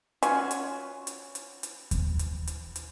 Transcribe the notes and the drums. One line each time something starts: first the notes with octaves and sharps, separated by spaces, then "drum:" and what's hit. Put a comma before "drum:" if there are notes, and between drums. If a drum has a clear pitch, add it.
C#4 F4 F#4 G#5, drum: hi-hat
drum: hi-hat
drum: hi-hat
drum: hi-hat
drum: hi-hat
drum: kick D#2, hi-hat
drum: hi-hat
drum: hi-hat
drum: hi-hat